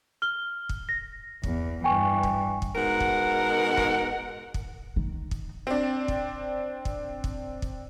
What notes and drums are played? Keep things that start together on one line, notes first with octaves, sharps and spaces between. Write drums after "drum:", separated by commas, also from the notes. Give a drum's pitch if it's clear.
F6 G7
drum: kick
A#6
E2, drum: kick
G2 E3 G5 G#5 C#6
drum: kick
drum: kick
G#2 B2 A#4 F#5
drum: kick
drum: kick
drum: kick
D#3
drum: kick
C4 D4
drum: kick
drum: kick
drum: kick
drum: kick